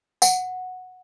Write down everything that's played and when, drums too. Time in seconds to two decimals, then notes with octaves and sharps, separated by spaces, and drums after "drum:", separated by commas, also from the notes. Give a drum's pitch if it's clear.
0.22 F#5, drum: tambourine